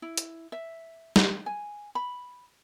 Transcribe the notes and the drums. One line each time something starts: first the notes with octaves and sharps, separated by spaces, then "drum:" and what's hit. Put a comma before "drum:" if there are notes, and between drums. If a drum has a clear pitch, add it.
E4
drum: hi-hat
E5
drum: snare
G#5
B5